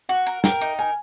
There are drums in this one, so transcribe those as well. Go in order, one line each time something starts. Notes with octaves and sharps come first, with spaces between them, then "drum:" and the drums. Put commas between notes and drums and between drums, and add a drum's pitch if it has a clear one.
F#4 F#5
A#4
A#4 G5, drum: snare
D#4
A#4 G#5